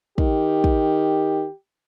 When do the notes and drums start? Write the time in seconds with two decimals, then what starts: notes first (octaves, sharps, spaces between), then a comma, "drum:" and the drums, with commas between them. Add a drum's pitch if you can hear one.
0.18 D#3 G4, drum: kick
0.64 drum: kick